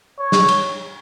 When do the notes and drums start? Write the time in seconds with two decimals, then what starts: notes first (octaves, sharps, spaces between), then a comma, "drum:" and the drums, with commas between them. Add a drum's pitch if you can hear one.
0.19 C#5
0.32 drum: snare
0.48 drum: cymbal